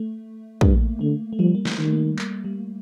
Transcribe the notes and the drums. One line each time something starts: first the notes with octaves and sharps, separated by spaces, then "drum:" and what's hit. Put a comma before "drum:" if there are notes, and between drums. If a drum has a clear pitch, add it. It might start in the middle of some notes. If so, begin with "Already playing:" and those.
Already playing: A3
G2 A#3, drum: kick
D3 A3
A3
F3 G3
A#3
A3, drum: snare
D#3
A3
A#3
A#3, drum: clap
G3